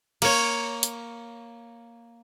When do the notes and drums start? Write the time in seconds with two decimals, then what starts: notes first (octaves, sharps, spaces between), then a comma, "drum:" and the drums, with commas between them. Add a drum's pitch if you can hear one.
0.22 A#3 C#5, drum: cymbal
0.83 drum: hi-hat